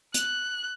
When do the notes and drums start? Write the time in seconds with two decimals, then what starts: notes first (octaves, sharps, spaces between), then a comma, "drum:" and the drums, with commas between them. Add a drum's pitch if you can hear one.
0.14 F#6, drum: hi-hat